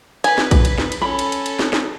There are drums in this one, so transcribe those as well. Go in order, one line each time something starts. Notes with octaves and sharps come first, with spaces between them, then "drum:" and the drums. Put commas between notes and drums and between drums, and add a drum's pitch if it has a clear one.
B4 G#5, drum: cymbal
drum: snare
drum: kick, cymbal
drum: cymbal
drum: snare
drum: cymbal
C#4 A4 B5
drum: cymbal
drum: cymbal
drum: cymbal
drum: snare
drum: snare